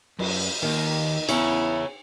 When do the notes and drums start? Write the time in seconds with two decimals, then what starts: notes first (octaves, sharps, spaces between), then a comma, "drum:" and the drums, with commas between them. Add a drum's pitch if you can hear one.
0.19 F#2, drum: cymbal
0.63 D#2 D#3
1.29 E2 E4 G#4 C#5, drum: cymbal